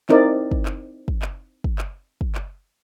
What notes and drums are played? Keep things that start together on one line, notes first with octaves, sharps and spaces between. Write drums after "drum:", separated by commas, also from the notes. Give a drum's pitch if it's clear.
C4 D#4 E4 A#4 D5, drum: clap
drum: kick
drum: clap
drum: kick
drum: clap
drum: kick
drum: clap
drum: kick
drum: clap